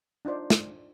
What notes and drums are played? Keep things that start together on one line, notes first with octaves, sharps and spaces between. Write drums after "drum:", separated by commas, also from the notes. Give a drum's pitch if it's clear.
D4 D#4 F4 C5 D5
drum: snare